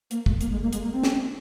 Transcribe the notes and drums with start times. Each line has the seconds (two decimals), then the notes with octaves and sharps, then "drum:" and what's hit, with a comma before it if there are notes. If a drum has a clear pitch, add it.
0.11 A#3, drum: hi-hat
0.26 G#3, drum: kick
0.41 A#3, drum: hi-hat
0.51 G#3
0.62 A#3
0.73 G#3, drum: hi-hat
0.83 A#3
0.93 C4
1.03 drum: snare